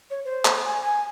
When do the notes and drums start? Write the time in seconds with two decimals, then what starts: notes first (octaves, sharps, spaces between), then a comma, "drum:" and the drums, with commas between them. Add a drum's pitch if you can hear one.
0.11 C#5
0.25 C5
0.45 drum: clap
0.65 G#5
0.82 G#5